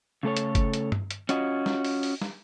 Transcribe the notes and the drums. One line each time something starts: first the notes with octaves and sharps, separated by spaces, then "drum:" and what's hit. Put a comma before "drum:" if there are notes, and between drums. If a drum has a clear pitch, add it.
C#3 A3 A4 C#5
drum: hi-hat
drum: kick, hi-hat
drum: hi-hat
drum: tom
drum: hi-hat
C#4 F4 F#4 D#5, drum: hi-hat
drum: snare
drum: open hi-hat
drum: open hi-hat
drum: snare